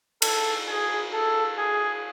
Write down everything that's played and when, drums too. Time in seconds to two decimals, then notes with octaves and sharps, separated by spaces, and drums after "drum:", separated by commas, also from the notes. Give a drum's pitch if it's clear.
0.22 A4, drum: cymbal
0.68 G#4
1.13 A4
1.58 G#4